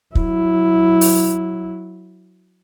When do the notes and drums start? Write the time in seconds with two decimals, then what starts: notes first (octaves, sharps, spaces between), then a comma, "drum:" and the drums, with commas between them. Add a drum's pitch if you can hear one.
0.15 F#3 E4, drum: kick
1.01 drum: open hi-hat